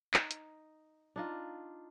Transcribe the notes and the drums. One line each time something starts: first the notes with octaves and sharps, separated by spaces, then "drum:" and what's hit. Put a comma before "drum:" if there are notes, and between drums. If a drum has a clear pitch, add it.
D#4, drum: clap
drum: hi-hat
D4 D#4 F4